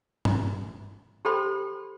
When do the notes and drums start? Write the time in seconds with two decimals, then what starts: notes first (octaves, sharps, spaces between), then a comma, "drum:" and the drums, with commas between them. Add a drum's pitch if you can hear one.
0.25 drum: tom G2
1.25 G4 A4 C5 G5 B5 C6